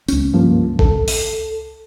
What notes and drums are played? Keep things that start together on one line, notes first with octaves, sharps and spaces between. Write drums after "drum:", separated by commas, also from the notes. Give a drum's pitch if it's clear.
C#2 C#4, drum: tambourine
G2 F3 A#3
A4, drum: kick A#1
drum: open hi-hat